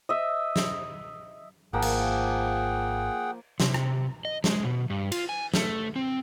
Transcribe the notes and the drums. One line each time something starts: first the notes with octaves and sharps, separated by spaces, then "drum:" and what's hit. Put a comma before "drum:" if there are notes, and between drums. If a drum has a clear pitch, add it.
D#5 E5
drum: snare
G#1 F3 A#3 G#4 F#5 G5
drum: cymbal
C3, drum: snare
drum: rim click
D#5
G#3, drum: snare
B2
G2
F4, drum: cymbal
G#5
A3, drum: snare
C4